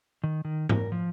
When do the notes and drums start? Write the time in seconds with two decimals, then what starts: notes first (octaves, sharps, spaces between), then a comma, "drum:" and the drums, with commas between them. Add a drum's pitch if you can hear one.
0.24 D#3
0.45 D#3
0.69 A#4, drum: tom G#2
0.92 F3